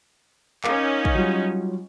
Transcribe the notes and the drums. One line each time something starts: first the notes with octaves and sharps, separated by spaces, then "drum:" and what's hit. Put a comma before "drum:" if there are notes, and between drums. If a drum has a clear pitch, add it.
C#4 D#4 A#4 F5 D6, drum: clap
drum: kick
F#3 G3 F4